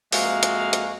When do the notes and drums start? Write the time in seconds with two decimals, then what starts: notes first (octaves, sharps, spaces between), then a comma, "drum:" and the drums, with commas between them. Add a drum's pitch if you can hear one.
0.12 F2 G#3 A#3 F#4 E5 F5, drum: open hi-hat
0.43 drum: hi-hat
0.73 drum: hi-hat